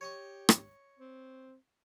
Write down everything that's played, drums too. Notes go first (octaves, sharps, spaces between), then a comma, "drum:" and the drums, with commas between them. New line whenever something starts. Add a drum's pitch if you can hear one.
G4 C#5 D#5 C#6
drum: rim click
C4